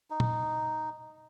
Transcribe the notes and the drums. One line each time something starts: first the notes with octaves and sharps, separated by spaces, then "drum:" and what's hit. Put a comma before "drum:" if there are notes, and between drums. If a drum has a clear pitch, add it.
D#4
drum: tom A#2